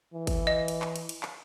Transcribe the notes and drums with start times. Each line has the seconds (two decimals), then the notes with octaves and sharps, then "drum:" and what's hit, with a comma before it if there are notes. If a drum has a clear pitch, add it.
0.14 E3
0.27 drum: kick G1, cymbal
0.47 D#5
0.68 drum: cymbal
0.82 drum: clap
0.96 drum: cymbal
1.09 drum: cymbal
1.23 drum: clap